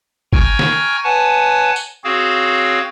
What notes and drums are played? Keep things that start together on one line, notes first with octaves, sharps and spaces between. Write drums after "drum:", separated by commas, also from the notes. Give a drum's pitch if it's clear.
G5 G#5 A#5 C#6 F6 G#6, drum: kick
drum: snare
B4 C#5 F#5 G#5 A5
drum: tambourine
C4 F#4 G#4 C#5 F5